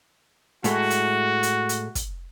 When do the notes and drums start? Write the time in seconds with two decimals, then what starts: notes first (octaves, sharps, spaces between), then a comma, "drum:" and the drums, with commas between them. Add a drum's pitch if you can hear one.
0.64 A2 G#3 A3 F#4, drum: hi-hat
0.90 drum: hi-hat
1.43 drum: hi-hat
1.69 drum: hi-hat
1.95 drum: kick, hi-hat